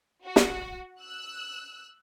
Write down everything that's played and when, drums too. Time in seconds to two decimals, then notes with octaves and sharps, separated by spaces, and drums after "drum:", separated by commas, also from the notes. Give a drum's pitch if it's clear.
0.25 F#4
0.36 drum: snare
1.02 E6 F#6